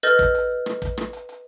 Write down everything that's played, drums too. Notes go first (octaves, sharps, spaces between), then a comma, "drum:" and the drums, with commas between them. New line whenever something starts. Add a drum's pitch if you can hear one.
A4 B4 D#5 F6 G6 A6, drum: hi-hat
drum: kick, hi-hat
drum: hi-hat
drum: rim click
drum: kick, hi-hat
drum: rim click
drum: hi-hat
drum: hi-hat